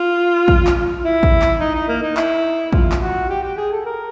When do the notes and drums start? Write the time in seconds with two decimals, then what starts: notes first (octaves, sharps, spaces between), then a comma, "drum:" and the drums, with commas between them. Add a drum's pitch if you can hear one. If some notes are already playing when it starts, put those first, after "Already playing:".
Already playing: F4
0.48 drum: kick
0.67 drum: clap
1.04 E4
1.23 drum: kick
1.42 drum: clap
1.60 D#4
1.75 D#4
1.88 A#3
2.02 D#4
2.17 E4, drum: clap
2.73 F4, drum: kick
2.92 drum: clap
3.01 F#4
3.29 G4
3.43 G4
3.57 G#4
3.72 A4
3.85 A#4